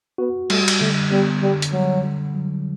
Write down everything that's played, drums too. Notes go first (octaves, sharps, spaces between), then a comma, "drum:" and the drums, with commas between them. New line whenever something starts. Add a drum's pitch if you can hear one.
B3 F#4
G3 A3, drum: cymbal
drum: cymbal
D3 A3
G3 B3
D3 G3
drum: hi-hat
F#3 G3
D3
F#3